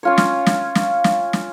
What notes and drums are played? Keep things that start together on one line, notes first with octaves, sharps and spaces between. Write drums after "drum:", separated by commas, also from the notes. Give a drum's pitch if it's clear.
C#4 F4 C#5
drum: snare
drum: snare
drum: snare
drum: snare
drum: snare